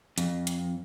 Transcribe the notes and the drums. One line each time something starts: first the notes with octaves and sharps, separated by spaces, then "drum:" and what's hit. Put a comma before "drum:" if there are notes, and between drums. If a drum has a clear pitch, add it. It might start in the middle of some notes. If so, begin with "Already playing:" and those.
F2, drum: hi-hat
drum: hi-hat